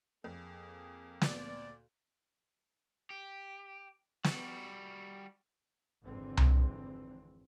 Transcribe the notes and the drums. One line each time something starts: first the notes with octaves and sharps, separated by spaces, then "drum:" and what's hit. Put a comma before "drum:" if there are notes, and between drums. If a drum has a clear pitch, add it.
F2 A#3 G#4
D2 A#2 D5, drum: snare
G4
G3 F#4, drum: snare
G#1 F2 D3 E3 C4
drum: tom C2